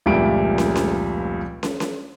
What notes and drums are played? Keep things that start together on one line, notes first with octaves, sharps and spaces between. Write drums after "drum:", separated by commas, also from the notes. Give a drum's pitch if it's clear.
F1 C#2 A#2 G3 A3 D7
drum: snare
drum: snare
drum: snare
drum: snare